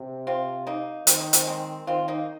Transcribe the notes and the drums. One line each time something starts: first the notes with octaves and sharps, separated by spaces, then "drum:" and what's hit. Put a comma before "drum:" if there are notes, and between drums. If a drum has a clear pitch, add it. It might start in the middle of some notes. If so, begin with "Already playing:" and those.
Already playing: C3
C4 F4
A#3 D#4
D#3 C4, drum: hi-hat
D#4
G#3 C4, drum: hi-hat
G#3 C4
D#3 C4 F4
A#3 D#4